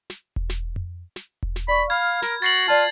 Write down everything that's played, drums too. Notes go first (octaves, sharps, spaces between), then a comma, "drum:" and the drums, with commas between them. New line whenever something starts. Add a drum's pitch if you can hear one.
drum: snare
drum: kick E1
drum: snare
drum: tom F2
drum: snare
drum: kick E1
drum: snare
D5 B5 C#6
F5 B5 F6 G#6
A#4, drum: snare
F#4 A6 C7 F#7
F4 D5 A5